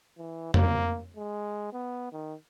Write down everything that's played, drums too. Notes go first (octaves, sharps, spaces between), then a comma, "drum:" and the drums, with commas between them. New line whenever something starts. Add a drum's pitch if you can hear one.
E3
A#3, drum: tom F2
G#3
B3
D#3